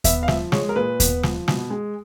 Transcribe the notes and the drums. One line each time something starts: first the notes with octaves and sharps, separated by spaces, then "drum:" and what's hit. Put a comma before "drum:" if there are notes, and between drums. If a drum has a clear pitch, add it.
B3 E5, drum: kick D#2, hi-hat
F5
F3 E5, drum: snare
G#3 C#5, drum: snare
A#4
A#2 B4
B3, drum: kick D#2, hi-hat
F3, drum: snare
B2, drum: snare
G#3